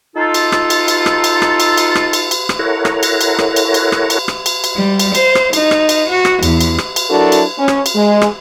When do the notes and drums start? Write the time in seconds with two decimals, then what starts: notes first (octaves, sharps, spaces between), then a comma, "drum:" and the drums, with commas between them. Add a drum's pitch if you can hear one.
0.16 D#4 F4 A4
0.34 drum: cymbal
0.52 drum: rim click
0.70 drum: cymbal
0.88 drum: cymbal
1.06 drum: rim click
1.24 drum: cymbal
1.42 drum: rim click
1.60 drum: cymbal
1.78 drum: cymbal
1.95 drum: rim click
2.13 drum: cymbal
2.31 drum: cymbal
2.49 drum: rim click
2.59 E4 A4 A#4 C#5 F#5 A#5
2.85 drum: rim click
3.03 drum: cymbal
3.21 drum: cymbal
3.39 drum: rim click
3.56 drum: cymbal
3.74 drum: cymbal
3.92 drum: rim click
4.10 drum: cymbal
4.28 drum: rim click
4.46 drum: cymbal
4.64 drum: cymbal
4.76 G3
5.00 drum: cymbal
5.15 C5, drum: cymbal
5.35 drum: rim click
5.53 D#4, drum: cymbal
5.71 drum: rim click
5.89 drum: cymbal
6.09 F#4
6.25 drum: rim click
6.43 E2, drum: cymbal
6.61 drum: cymbal
6.78 drum: rim click
6.96 drum: cymbal
7.10 F#3 D4 E4 F#4 A4 A#4
7.32 drum: cymbal
7.59 C#4
7.68 drum: rim click
7.86 drum: cymbal
7.95 G#3
8.22 drum: rim click